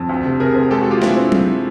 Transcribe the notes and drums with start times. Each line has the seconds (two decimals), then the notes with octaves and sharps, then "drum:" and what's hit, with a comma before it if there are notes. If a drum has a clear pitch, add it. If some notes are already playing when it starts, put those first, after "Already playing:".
Already playing: F2
0.09 D2
0.24 C3
0.40 C3 G#4 A#4
0.55 C3
0.71 G#3 G4 A4
0.81 F#4 G#4
0.86 G#3
0.91 F4 G4
1.02 C4 D4 E4, drum: snare
1.17 C4
1.32 drum: tom F#3